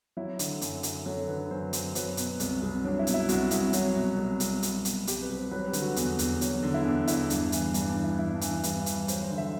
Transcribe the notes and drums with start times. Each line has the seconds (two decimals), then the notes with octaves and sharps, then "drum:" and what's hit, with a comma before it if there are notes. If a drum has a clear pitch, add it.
0.17 F#3 E4
0.39 D3, drum: hi-hat
0.61 F#2, drum: hi-hat
0.83 F#2, drum: hi-hat
1.06 F#3 A4
1.28 D3 B4
1.51 F#2 C5
1.73 F#2, drum: hi-hat
1.95 F#3 B4, drum: hi-hat
2.17 B2, drum: hi-hat
2.40 C2, drum: hi-hat
2.62 C2
2.84 F#3 D4
2.99 E4
3.07 B2, drum: hi-hat
3.14 E4
3.29 C2 F#4, drum: hi-hat
3.51 C2 E4, drum: hi-hat
3.73 F#3 F#4, drum: hi-hat
3.96 B2
4.18 C2
4.40 C2, drum: hi-hat
4.63 F#3, drum: hi-hat
4.85 B2, drum: hi-hat
5.07 C2 G4, drum: hi-hat
5.22 B4
5.29 C2
5.37 C5
5.51 F#3 B4
5.67 G4
5.73 D3, drum: hi-hat
5.82 F#4
5.96 E2, drum: hi-hat
6.19 E2, drum: hi-hat
6.41 F#3, drum: hi-hat
6.63 D3
6.74 E4
6.85 E2 D4
7.07 E2 E4, drum: hi-hat
7.30 G2 D4, drum: hi-hat
7.52 E3, drum: hi-hat
7.74 G2 D4, drum: hi-hat
7.89 D4
7.97 E3
8.04 E4
8.19 G2 E4
8.34 D4
8.41 E3, drum: hi-hat
8.48 D4
8.63 G2 B4, drum: hi-hat
8.86 E3, drum: hi-hat
9.08 F#3 C5, drum: hi-hat
9.23 C5
9.30 D3
9.38 E5